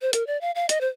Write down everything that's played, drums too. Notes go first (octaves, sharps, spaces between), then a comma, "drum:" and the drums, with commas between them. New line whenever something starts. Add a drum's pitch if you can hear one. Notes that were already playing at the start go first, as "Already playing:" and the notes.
C5
A#4, drum: hi-hat
D5
F5
F5
D#5, drum: hi-hat
C5